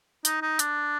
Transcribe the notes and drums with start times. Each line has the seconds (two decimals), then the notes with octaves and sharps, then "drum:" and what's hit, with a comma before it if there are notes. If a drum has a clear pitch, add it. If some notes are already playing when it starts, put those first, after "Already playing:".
0.25 D#4, drum: hi-hat
0.42 D#4
0.59 D4, drum: hi-hat